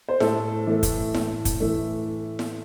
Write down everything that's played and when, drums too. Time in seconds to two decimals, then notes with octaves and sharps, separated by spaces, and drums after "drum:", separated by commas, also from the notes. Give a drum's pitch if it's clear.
0.09 C5
0.20 A2 A4, drum: snare E4
0.67 E3 A3
0.83 drum: kick, hi-hat
1.15 A2, drum: snare E4
1.45 drum: kick, hi-hat
1.60 E3 A3
2.39 drum: snare E4